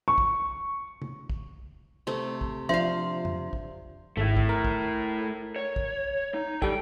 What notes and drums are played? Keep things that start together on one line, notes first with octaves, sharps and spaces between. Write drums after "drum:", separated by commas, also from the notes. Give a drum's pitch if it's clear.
C#6
drum: kick
drum: tom C3
drum: kick
C3 A3
drum: kick
F3 D4 F4 C5 E5 F5 C6
drum: tom
drum: kick
G#1 A3 E4
drum: kick
A#4
drum: kick
C#5
drum: kick
D#4
G3 A4 G5, drum: kick